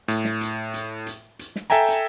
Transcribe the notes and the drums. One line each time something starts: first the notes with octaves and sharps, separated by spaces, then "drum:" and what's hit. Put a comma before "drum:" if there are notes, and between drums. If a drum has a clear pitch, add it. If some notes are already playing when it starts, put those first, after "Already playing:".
A2, drum: hi-hat
drum: snare
drum: hi-hat
drum: hi-hat
drum: hi-hat
drum: hi-hat
drum: snare
A4 E5 G5 G#5 A#5, drum: hi-hat
drum: hi-hat